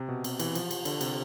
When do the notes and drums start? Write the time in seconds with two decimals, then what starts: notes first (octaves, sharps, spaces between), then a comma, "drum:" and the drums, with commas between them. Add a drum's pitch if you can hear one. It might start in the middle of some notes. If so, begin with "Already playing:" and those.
Already playing: C3
0.08 B2
0.24 C3, drum: cymbal
0.40 E3, drum: cymbal
0.55 F3, drum: cymbal
0.71 F3, drum: cymbal
0.85 D3, drum: cymbal
1.01 C3, drum: cymbal